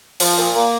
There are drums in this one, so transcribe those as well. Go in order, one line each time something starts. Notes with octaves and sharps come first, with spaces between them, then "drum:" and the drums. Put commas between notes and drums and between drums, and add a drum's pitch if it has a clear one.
F3, drum: open hi-hat
A#2
A#3